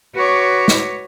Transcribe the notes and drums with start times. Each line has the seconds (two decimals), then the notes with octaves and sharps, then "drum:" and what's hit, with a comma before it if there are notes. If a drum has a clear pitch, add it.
0.15 F#4 B4 C#5 C#6 D6
0.68 drum: snare